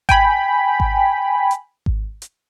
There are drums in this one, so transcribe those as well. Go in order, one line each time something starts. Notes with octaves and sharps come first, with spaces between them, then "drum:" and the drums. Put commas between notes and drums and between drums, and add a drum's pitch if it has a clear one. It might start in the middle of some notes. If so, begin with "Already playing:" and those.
G5 G#5 B5, drum: kick G#1, hi-hat
drum: kick G#1
drum: hi-hat
drum: kick G#1
drum: hi-hat